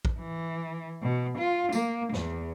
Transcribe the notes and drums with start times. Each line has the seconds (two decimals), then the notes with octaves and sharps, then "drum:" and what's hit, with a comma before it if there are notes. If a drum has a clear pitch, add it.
0.05 drum: kick
0.19 E3
1.02 B2
1.38 F4
1.73 A#3, drum: tambourine
2.14 E2, drum: snare